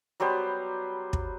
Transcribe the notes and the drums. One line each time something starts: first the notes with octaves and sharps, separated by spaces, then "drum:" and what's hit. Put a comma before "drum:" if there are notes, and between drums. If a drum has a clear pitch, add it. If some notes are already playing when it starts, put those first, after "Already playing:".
F#3 G3 B3 C5
drum: kick